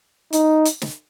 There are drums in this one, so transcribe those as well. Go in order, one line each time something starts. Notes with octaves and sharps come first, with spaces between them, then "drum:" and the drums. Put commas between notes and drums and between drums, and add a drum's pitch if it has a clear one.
D#4, drum: hi-hat
drum: hi-hat
drum: snare